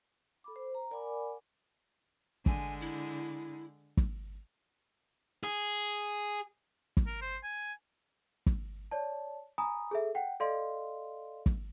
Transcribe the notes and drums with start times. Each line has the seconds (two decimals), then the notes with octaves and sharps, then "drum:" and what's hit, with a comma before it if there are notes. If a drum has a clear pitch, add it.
0.44 A4 B5 D6
0.56 C5
0.75 A#5
0.91 A#4 D5 F#5 G#5 B5 D6
2.46 D3 G#3 G#5, drum: kick
2.81 E4
3.97 drum: kick
5.43 G#4
6.97 drum: kick
7.06 A#4
7.22 C5
7.43 G#5
8.46 drum: kick
8.91 C#5 D5 A5
9.58 G#5 A#5 B5 D#6
9.91 G#4 A4 E5
10.15 F#5 G5
10.40 A4 D5 D#5 F5 C6
11.46 drum: kick